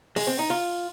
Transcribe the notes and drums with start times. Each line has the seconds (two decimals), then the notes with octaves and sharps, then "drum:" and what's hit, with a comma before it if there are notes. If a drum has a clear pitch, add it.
0.16 G#3, drum: open hi-hat
0.27 C4
0.39 D#4
0.50 F4